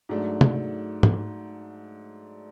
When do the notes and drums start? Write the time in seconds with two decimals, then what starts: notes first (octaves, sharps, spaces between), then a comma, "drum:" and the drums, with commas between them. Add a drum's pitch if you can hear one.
0.09 G#2 F#3 A3 D4
0.41 drum: tom
1.03 drum: tom G#2